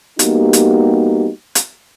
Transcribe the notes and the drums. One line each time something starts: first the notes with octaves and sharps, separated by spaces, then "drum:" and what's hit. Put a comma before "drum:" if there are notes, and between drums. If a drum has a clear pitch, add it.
G3 A#3 B3 D#4 F#4 G4, drum: hi-hat
drum: hi-hat
drum: hi-hat